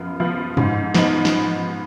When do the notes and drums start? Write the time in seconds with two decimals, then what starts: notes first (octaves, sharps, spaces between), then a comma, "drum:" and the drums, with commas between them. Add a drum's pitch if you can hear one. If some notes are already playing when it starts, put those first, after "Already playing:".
Already playing: F#2 F3 B3 F4
0.20 F3 B3 F4
0.57 G#2, drum: tom G2
0.94 F3 B3 D#4, drum: snare
1.25 drum: snare